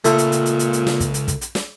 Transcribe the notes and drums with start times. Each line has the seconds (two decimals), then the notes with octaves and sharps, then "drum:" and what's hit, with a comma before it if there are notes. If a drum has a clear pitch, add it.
0.05 C#2 A#2 A3, drum: hi-hat
0.18 drum: hi-hat
0.32 drum: hi-hat
0.46 drum: hi-hat
0.59 drum: hi-hat
0.73 drum: hi-hat
0.87 drum: snare
1.00 drum: kick, hi-hat
1.14 drum: hi-hat
1.28 drum: kick, hi-hat
1.41 drum: hi-hat
1.55 drum: snare